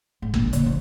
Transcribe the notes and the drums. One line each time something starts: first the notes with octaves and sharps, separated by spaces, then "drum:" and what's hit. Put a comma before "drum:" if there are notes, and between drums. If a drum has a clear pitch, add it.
G#2
A#1, drum: kick G1
C#3, drum: hi-hat
F3